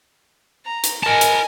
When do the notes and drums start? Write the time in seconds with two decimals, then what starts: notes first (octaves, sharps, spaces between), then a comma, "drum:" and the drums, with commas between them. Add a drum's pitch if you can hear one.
0.65 A#5
0.84 drum: hi-hat
1.03 A#4 D#5 G#5 A5
1.21 drum: hi-hat